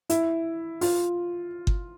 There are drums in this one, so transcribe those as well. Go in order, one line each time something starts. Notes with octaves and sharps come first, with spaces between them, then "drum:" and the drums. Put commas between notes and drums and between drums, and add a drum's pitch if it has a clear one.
E4, drum: hi-hat
F4, drum: open hi-hat
drum: kick G1